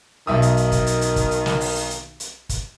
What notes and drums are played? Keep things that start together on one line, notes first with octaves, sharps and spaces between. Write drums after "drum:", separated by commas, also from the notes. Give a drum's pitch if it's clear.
B1 D#3 E5 D#6
drum: hi-hat
drum: hi-hat
drum: kick, hi-hat
drum: hi-hat
drum: hi-hat
drum: kick, hi-hat
drum: hi-hat
drum: snare
drum: open hi-hat
drum: hi-hat
drum: hi-hat
drum: hi-hat
drum: kick, hi-hat